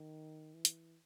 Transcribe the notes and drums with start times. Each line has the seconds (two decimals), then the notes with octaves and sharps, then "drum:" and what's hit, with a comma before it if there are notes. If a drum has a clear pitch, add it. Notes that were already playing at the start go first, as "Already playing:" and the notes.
Already playing: D#3
0.54 E3
0.65 drum: hi-hat